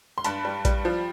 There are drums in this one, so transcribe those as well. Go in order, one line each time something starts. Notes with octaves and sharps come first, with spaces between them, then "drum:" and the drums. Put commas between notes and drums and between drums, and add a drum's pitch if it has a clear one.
C6
G2 A5 B5, drum: hi-hat
G3
G3, drum: kick A#1, hi-hat
F3